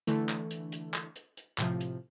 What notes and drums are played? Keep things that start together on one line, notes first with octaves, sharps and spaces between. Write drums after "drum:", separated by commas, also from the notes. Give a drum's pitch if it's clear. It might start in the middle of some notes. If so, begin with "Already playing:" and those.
D3 E3 A3, drum: hi-hat
drum: clap
drum: hi-hat
drum: hi-hat
drum: clap
drum: hi-hat
drum: hi-hat
A2 C3 F3, drum: clap
drum: hi-hat